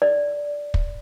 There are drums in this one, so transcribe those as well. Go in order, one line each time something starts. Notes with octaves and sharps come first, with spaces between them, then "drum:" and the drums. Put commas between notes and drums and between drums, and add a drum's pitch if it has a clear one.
D5
drum: kick